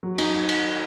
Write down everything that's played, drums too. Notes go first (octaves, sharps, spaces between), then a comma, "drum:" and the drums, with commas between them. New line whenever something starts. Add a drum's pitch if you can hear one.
F#3
D#4, drum: cymbal
drum: cymbal